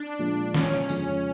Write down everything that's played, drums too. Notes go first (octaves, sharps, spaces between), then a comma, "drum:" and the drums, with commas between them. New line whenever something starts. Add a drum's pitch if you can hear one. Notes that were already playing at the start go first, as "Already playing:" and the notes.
Already playing: D4
A#2 F3 G#3
C#4, drum: snare
F2 C#3 F3 G#3, drum: tambourine